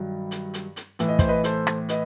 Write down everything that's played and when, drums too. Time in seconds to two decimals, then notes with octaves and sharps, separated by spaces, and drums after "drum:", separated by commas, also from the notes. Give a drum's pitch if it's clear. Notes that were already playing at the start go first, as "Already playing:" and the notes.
Already playing: G2 D#3 F#3
0.31 drum: hi-hat
0.54 drum: hi-hat
0.76 drum: hi-hat
0.99 A2 E3, drum: hi-hat
1.09 D#5
1.19 C5, drum: kick, hi-hat
1.28 B4 D#5
1.44 A4 C5, drum: hi-hat
1.67 drum: rim click
1.89 B4 D#5, drum: hi-hat